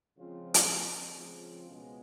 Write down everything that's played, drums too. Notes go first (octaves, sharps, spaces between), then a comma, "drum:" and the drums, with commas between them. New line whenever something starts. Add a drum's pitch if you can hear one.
C#3 F3 G#3 C4 F4
drum: hi-hat
C#3 F3 G#3 C4 F4
C#2 B2 G#3 B3